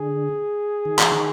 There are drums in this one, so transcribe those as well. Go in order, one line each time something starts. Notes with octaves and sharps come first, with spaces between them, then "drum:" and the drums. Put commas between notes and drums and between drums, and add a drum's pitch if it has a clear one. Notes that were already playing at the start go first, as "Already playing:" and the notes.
Already playing: D3 G#4
D#3
E3, drum: clap
D#3